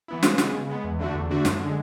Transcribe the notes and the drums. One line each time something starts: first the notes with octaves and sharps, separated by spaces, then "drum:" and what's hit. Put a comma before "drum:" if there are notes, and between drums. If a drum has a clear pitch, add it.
E3 B3 E4
C#3, drum: snare
G#3 B3, drum: snare
C#3
G#3 B3
E2
D3 A3 D4 F#4
E2
D3 A3 D4 F#4
F#2, drum: snare
D3 G#3